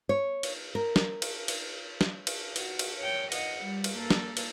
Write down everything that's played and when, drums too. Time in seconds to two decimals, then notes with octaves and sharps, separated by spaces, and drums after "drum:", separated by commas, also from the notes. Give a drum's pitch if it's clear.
0.09 C#5
0.43 drum: cymbal
0.75 A#4
0.96 drum: snare
1.22 drum: cymbal
1.48 drum: cymbal
2.01 drum: snare
2.27 drum: cymbal
2.56 F#4, drum: cymbal
2.79 drum: cymbal
3.00 C#5 G5
3.32 D#5 F#5, drum: cymbal
3.63 G3
3.84 drum: cymbal
3.97 A#3 A4
4.10 drum: snare
4.37 drum: cymbal